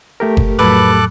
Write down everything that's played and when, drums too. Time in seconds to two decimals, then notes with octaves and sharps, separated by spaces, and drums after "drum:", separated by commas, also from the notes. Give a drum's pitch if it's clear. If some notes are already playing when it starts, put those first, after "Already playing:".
0.20 A3 G4 A#4
0.37 drum: kick F#1
0.59 F2 A2 F#3 A4 B4 D6 F#6